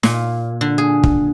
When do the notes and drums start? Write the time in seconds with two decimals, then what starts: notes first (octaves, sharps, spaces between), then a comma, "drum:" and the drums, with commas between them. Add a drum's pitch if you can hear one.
0.03 A#2, drum: snare
0.61 D3
0.78 G#4
1.04 drum: kick